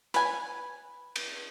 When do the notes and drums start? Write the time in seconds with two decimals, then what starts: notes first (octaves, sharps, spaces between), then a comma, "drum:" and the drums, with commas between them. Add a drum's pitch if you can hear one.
0.14 B4 G#5, drum: hi-hat
1.16 drum: cymbal